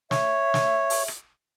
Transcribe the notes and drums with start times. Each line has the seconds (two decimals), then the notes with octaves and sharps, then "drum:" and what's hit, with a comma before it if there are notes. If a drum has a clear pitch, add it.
0.11 C#5 E5, drum: snare
0.54 drum: snare
0.90 drum: open hi-hat
1.08 drum: rim click